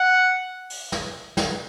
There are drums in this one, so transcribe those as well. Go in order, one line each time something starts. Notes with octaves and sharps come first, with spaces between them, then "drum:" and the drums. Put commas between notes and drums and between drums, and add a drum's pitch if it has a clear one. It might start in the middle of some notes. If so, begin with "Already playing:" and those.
Already playing: F#5
drum: open hi-hat
drum: snare
drum: snare